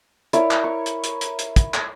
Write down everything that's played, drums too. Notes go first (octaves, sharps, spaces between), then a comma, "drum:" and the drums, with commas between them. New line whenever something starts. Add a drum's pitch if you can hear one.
E4 A#4 C#5 D5, drum: hi-hat
drum: clap
C#6
drum: hi-hat
drum: hi-hat
drum: hi-hat
drum: hi-hat
drum: kick, hi-hat
drum: clap